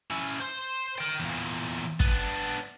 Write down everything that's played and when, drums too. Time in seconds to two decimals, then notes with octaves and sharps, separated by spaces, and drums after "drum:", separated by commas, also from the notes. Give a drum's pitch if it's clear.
0.10 C#4 E4
0.40 C5 C6
0.98 A#4 G5
1.20 E2 A#2
2.00 B3 D4, drum: kick